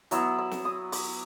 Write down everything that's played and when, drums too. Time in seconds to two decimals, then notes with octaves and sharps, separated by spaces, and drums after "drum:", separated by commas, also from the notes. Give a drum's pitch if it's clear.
0.11 F#3 B3 E4 E6, drum: hi-hat
0.38 E6
0.51 drum: snare
0.65 D#6
0.92 D6, drum: open hi-hat